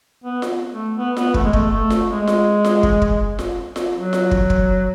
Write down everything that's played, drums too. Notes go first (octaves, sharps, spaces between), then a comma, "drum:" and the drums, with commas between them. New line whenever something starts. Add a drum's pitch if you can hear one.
B3
drum: snare F4
A3
B3
B3, drum: snare F4
A3, drum: kick
G#3
A3, drum: kick
A3
drum: snare F4
G#3
drum: snare F4
drum: snare F4
drum: kick
drum: kick
drum: snare F4
drum: snare F4
F#3
drum: snare F4
drum: kick
drum: kick